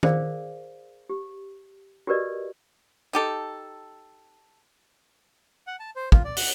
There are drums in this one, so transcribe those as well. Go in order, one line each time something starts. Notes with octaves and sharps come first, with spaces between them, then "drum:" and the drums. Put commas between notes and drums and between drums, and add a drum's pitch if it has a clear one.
G#4 A#4 C5 D5 F5, drum: tom D#3
G4
F#4 G4 A#4 B4 D5 D#5
D#4 G4 A4
F#5
A5
C5
F4, drum: kick
D5
F#5, drum: open hi-hat